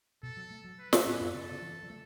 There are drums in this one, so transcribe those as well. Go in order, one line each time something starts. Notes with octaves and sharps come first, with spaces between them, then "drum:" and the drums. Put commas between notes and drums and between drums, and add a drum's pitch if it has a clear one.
B2 A4
F#3
A3
F#3
B4
C#3, drum: snare
A2
F#2
C#3 A4
C#3
E3
F#3
A3